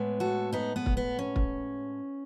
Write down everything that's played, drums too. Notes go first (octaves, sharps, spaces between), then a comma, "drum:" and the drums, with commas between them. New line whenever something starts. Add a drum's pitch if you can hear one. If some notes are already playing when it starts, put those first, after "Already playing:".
Already playing: A2 G#3 B3
F#4 A4
B3 D#4
B3
drum: kick
B3
C#4
drum: kick